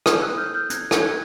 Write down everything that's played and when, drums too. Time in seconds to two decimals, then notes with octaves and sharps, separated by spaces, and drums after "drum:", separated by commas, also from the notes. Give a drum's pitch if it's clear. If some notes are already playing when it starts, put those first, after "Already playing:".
0.06 E4 A4 C5 D#6 F6, drum: rim click
0.22 E6 F#6
0.38 F6 G6
0.54 F6 G6
0.70 F#6 G#6, drum: hi-hat
0.91 drum: rim click
1.02 F#6 G#6